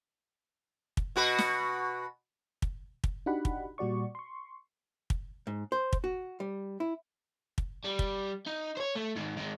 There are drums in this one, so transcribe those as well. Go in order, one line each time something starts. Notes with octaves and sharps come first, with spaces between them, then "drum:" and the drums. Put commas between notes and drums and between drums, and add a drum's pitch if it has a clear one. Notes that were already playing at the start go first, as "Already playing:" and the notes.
drum: kick
B2 F#4 B4
drum: snare
drum: kick
drum: kick
D4 D#4 F#4 G4 F#5 B5
drum: kick
A#2 G3 F#4 D5 C#6
C6 C#6
drum: kick
G#2
C5
drum: kick
F#4
G3
E4
drum: kick
G3
drum: kick
D#4
C5 C#5
A3
G#2 D#3
D#3 G#3